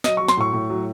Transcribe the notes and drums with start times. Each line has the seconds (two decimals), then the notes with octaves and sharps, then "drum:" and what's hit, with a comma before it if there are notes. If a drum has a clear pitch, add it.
0.04 F#3 D#5, drum: snare
0.17 F#3 C#6
0.28 C6, drum: snare
0.37 A2 C#6
0.53 A2
0.70 F#3